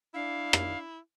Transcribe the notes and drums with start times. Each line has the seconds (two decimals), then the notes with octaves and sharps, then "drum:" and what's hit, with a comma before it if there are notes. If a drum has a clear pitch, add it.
0.14 D4 E4 F5
0.53 drum: rim click